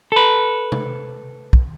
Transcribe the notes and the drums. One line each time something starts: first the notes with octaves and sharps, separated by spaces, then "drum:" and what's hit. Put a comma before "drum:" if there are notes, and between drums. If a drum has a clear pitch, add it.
A4 B4
drum: tom C3
drum: kick